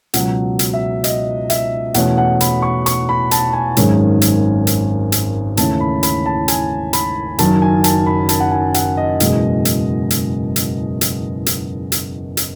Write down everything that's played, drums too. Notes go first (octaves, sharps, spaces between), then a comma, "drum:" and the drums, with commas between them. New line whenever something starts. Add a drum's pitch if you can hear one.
C#2 B2 F#3 F#5, drum: hi-hat
drum: hi-hat
E5
D#5, drum: hi-hat
E5, drum: hi-hat
E2 B2 A3 C#4 F#5, drum: hi-hat
F#5
B5, drum: hi-hat
C#6
C#6, drum: hi-hat
B5
A5, drum: hi-hat
G#5
G#1 F#2 D#3 G#3 C#4, drum: hi-hat
drum: hi-hat
drum: hi-hat
drum: hi-hat
D#2 C#3 E3 A3 C#4 A5, drum: hi-hat
B5
B5, drum: hi-hat
A5
G#5, drum: hi-hat
B5, drum: hi-hat
F#1 F#2 D#3 F#3 A5, drum: hi-hat
G#5
A5, drum: hi-hat
B5
A5, drum: hi-hat
F#5
G#5
F#5, drum: hi-hat
D#5
F#1 E2 B2 G#3, drum: hi-hat
drum: hi-hat
drum: hi-hat
drum: hi-hat
drum: hi-hat
drum: hi-hat
drum: hi-hat
drum: hi-hat